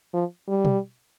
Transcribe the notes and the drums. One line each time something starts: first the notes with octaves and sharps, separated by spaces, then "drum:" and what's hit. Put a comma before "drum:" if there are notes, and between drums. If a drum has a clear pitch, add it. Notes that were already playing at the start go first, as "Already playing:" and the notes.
F3
G3
drum: tom B2